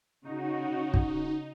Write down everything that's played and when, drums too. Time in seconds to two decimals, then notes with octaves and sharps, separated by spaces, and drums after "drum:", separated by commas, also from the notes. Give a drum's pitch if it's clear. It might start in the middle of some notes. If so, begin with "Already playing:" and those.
0.25 C#3 D#4 F#4
0.94 drum: kick